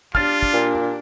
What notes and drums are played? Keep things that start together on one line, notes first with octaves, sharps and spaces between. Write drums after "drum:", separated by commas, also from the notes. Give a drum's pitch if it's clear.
D4 F4 G4 F6 A6, drum: kick
drum: kick
A#2